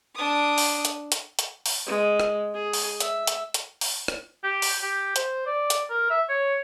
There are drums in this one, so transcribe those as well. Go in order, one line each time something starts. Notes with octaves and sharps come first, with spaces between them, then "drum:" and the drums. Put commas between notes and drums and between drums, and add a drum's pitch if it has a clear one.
D4 D#6
drum: open hi-hat
drum: hi-hat
drum: hi-hat
drum: hi-hat
drum: open hi-hat
G#3
drum: rim click
G#4
drum: open hi-hat
E5, drum: hi-hat
drum: hi-hat
drum: hi-hat
drum: open hi-hat
drum: rim click
G4
drum: open hi-hat
G4
C5, drum: hi-hat
D5
drum: hi-hat
A#4
E5
C#5